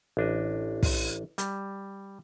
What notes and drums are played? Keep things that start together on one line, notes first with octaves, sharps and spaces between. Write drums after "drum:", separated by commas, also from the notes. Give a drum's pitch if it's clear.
A1 D4 D#5
drum: kick, open hi-hat
G3, drum: hi-hat